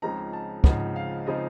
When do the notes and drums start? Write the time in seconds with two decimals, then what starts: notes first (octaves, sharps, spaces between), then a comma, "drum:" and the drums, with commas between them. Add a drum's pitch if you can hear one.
0.02 C#2 C#3 F3 C4 D#4 A#5
0.33 A5
0.64 C#2 C#3 F3 C4 D#4 F#5, drum: kick
0.96 F5
1.27 C#3 F3 C4 D#4 D#5